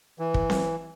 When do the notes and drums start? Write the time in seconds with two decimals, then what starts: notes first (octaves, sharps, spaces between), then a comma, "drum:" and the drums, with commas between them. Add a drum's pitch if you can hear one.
0.19 E3
0.34 drum: kick
0.50 drum: snare C4